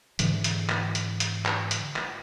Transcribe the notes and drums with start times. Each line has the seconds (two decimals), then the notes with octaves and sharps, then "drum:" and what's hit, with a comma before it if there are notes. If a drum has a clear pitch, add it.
0.19 G#2 D3 E3, drum: hi-hat
0.44 drum: hi-hat
0.70 drum: clap
0.95 drum: hi-hat
1.20 drum: hi-hat
1.46 drum: clap
1.71 drum: hi-hat
1.96 drum: clap